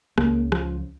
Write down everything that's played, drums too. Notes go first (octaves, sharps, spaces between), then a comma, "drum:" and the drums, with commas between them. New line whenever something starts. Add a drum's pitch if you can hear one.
C#2 C#3 A#3, drum: rim click
F3, drum: rim click